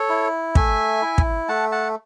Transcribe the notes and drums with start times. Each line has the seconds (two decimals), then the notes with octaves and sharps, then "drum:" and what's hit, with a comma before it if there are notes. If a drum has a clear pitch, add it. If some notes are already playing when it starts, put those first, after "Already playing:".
Already playing: A4 C#5
0.10 E4
0.55 A3 E5 G#5, drum: kick
1.02 E4
1.18 drum: kick
1.48 A3 F#5 A5
1.72 F#5 A5